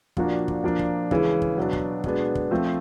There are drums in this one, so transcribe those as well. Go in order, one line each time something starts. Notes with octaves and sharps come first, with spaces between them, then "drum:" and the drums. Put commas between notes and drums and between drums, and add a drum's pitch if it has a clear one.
A#2 F3 A#3 D4 F#4, drum: kick
drum: kick
A#2 F3 A#3 D4
drum: kick
C#3 E3 G#3, drum: kick
drum: kick
B2 F#3 B3 D4
drum: kick
B2 G#3 B3 D4, drum: kick
drum: kick
F3 A3 C4